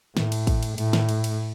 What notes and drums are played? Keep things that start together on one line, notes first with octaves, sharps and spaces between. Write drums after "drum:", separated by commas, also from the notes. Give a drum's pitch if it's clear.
A2, drum: snare
drum: cymbal
drum: kick, cymbal
drum: cymbal
A2, drum: cymbal
drum: snare
drum: cymbal
drum: cymbal